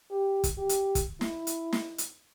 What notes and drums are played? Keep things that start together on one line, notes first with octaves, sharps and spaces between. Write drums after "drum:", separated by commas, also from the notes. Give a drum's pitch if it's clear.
G4
drum: kick, hi-hat
G4
drum: hi-hat
drum: kick, hi-hat
E4, drum: snare
drum: hi-hat
drum: snare
drum: hi-hat